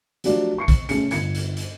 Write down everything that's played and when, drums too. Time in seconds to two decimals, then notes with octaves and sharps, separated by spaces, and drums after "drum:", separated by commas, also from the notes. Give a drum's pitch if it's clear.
0.24 F3 F#3 A3 D4 G4, drum: hi-hat
0.58 C#6 C7 C#7
0.68 drum: kick, hi-hat
0.89 A3 C#4 G#4 C#7, drum: hi-hat
1.11 G1 G#6 C#7, drum: hi-hat
1.35 drum: hi-hat
1.57 drum: hi-hat